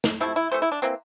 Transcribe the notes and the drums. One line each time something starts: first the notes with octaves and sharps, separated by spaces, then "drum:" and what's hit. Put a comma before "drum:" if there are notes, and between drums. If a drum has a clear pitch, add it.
drum: snare
C3 F3 A3 E4
E4
C3 E3 A3 C5
E4
D4
E3 A#3 C4